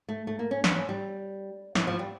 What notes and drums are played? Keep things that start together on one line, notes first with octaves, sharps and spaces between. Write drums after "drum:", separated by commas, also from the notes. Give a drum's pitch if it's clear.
A3
A3
A#3
C#4
D4, drum: snare
C#4
G3
E3, drum: snare
F3
G3